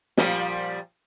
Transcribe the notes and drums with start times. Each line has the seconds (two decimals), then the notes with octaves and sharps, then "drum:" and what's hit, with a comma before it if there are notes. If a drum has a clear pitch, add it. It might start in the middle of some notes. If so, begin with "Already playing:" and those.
0.18 A#2 F3 G3, drum: snare